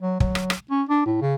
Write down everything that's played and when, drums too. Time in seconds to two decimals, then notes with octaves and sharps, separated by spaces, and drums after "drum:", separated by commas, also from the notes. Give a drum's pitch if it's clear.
0.01 F#3
0.20 F#3, drum: kick
0.35 drum: rim click
0.50 drum: rim click
0.71 C#4
0.89 D4
1.06 A2
1.21 C#3